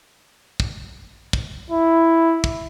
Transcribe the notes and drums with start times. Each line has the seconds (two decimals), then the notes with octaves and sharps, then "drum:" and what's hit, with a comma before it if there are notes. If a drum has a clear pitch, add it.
0.60 drum: kick
1.33 drum: kick
1.70 E4
2.44 drum: kick